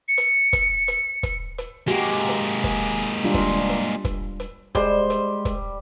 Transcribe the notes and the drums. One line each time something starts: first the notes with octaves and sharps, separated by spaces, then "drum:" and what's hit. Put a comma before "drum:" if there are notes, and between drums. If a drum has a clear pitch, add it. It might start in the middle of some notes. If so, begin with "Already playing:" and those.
C#7
drum: hi-hat
drum: kick, hi-hat
drum: hi-hat
drum: kick, hi-hat
drum: hi-hat
G#3 A#3 F#4 G4
drum: hi-hat
drum: kick, hi-hat
G3 D4 F4
drum: kick, hi-hat
drum: hi-hat
drum: kick, hi-hat
drum: hi-hat
G3 G#3 C5, drum: kick, hi-hat
drum: hi-hat
drum: kick, hi-hat